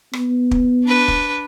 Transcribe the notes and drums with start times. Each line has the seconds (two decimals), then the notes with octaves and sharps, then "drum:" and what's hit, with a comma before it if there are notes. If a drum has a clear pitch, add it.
0.13 B3, drum: rim click
0.51 drum: kick
0.84 D4 B4
1.08 drum: kick